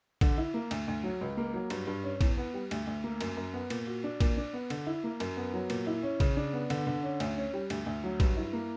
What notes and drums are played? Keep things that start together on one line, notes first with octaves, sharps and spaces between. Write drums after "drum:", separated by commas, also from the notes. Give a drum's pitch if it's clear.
D3, drum: kick A#1, cymbal
E4
A#3
D2, drum: cymbal
D2
F#3
C#2
A#3
F#3
G2, drum: cymbal
G2
C#4
E2, drum: kick A#1, cymbal
B3
G3
D2, drum: cymbal
D2
A#3
F#2, drum: cymbal
F#2
B3
A#2, drum: cymbal
F#4
D4
A#2, drum: kick A#1, cymbal
D4
B3
D3, drum: cymbal
E4
A#3
F#2, drum: cymbal
B3
F#3
A#2, drum: cymbal
E4
C#4
C#3, drum: kick A#1, cymbal
D4
B3
D3, drum: cymbal
D3
C#4
D2, drum: cymbal
C#4
G3
D2, drum: cymbal
D2
F#3
G2, drum: kick A#1, cymbal
E4
A#3